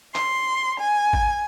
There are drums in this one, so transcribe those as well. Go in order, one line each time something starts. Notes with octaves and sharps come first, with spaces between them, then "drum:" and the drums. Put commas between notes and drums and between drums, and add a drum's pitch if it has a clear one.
C6, drum: clap
G#5
drum: kick G#1